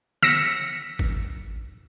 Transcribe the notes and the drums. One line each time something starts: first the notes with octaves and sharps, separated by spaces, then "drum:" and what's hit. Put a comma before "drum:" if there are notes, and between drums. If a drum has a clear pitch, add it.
E6 A#6 B6 C#7, drum: snare
drum: kick